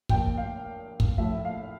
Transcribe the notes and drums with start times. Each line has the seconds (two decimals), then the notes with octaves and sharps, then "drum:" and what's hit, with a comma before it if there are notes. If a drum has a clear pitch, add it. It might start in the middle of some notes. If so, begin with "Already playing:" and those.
0.09 A#2 F3 G5, drum: kick
0.37 F5
1.00 drum: kick
1.18 A2 F3 E5
1.45 F5